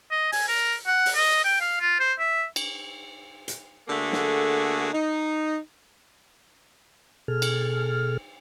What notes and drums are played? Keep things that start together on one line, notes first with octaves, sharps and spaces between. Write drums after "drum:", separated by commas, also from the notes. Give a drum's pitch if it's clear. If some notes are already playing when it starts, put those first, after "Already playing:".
D#5
G#5, drum: open hi-hat
A#4
F#5
drum: open hi-hat
D#5
G5
F5
F4
C5
E5
drum: cymbal
drum: hi-hat
D3 A3 A#3 F#4 G#4
drum: snare
D#4
B2 G#4 A4 F6
drum: cymbal